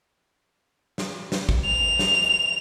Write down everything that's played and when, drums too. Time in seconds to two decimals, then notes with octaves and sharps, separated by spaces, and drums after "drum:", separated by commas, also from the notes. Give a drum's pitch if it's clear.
0.98 drum: snare
1.32 drum: snare
1.49 drum: kick
1.66 F7
1.99 drum: snare